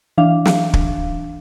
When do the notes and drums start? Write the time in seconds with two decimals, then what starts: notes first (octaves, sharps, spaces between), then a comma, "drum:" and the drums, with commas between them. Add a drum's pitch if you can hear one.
0.18 E3 D4 F5
0.46 drum: snare
0.74 drum: kick